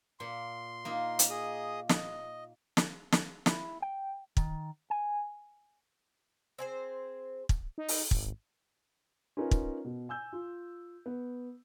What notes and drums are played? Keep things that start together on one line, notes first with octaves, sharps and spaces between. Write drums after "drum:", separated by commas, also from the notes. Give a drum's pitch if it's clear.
A#2 C6
A#3 D#4 F4
drum: hi-hat
G#4 D#5 D#6
D#5, drum: snare
drum: snare
drum: snare
E4, drum: snare
G5
D#3, drum: kick
G#5
C4 G#4 C5
drum: kick
D#4
drum: open hi-hat
G#1, drum: kick
C#4 D#4 F4 A#4 B4
drum: kick
B2
G#5 E6 G6
F4
B3